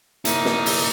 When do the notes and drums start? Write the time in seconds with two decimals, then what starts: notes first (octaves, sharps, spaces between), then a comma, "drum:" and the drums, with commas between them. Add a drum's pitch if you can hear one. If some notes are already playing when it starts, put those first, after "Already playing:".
0.25 A#3 D#4 E4, drum: hi-hat
0.45 drum: snare
0.66 drum: open hi-hat